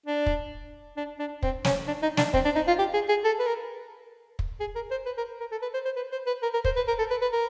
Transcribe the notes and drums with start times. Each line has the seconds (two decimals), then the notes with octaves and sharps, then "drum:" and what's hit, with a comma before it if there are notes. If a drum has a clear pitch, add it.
0.06 D4
0.26 drum: kick
0.96 D4
1.19 D4
1.43 C4, drum: kick
1.64 C#4, drum: snare
1.87 D4
2.02 D#4
2.17 D4, drum: snare
2.34 C4, drum: kick
2.45 D4
2.55 D#4
2.67 F4
2.78 G4
2.94 G#4
3.09 G#4
3.24 A4
3.39 B4
3.46 A#4
4.39 drum: kick
4.60 G#4
4.75 A#4
4.91 C5
5.06 B4
5.17 A#4
5.40 A#4
5.51 A4
5.62 B4
5.74 C5
5.85 C5
5.96 B4
6.12 C5
6.26 B4
6.42 A#4
6.53 A#4
6.65 C5, drum: kick
6.76 B4
6.87 A#4
6.99 A4
7.10 B4
7.21 B4
7.32 A#4